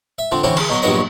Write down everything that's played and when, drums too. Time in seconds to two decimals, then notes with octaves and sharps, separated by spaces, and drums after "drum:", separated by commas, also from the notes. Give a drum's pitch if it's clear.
0.18 E5
0.32 D3 F3 C4
0.43 D3 E3 C4 C#4 F#4
0.57 G#4 A5, drum: cymbal
0.69 B2 F#3 C6
0.82 A#1 G2 F#3 B3 C#5 D#5